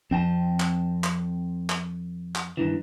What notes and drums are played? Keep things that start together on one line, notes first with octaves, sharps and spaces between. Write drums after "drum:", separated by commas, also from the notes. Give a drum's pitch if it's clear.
F2 C4 G5 A5
drum: clap
drum: clap
drum: clap
drum: clap
G2 D#3 E3